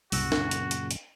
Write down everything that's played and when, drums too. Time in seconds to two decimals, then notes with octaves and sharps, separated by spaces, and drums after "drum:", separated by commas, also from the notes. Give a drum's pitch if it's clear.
0.12 C2 F#2 A#2 C#3 F#4 E6, drum: open hi-hat
0.32 drum: snare
0.51 drum: hi-hat
0.71 drum: hi-hat
0.91 drum: hi-hat